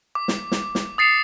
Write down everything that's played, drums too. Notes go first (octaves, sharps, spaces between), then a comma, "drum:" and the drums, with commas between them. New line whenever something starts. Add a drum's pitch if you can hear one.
D6
drum: snare
drum: snare
drum: snare
D#6 A6 C7 C#7 E7 F7